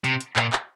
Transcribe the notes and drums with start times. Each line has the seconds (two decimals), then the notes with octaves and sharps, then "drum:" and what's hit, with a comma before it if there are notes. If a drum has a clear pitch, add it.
0.04 C3, drum: hi-hat
0.20 drum: hi-hat
0.36 A#2, drum: clap
0.53 drum: clap